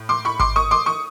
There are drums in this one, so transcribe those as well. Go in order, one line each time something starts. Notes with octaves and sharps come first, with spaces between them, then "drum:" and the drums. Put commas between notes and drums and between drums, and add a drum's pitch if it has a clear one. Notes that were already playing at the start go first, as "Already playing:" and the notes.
Already playing: A2
C6 D6
B5 C#6
C6 D6, drum: kick G#1
C#6 D#6
C6 D6
C#6 D#6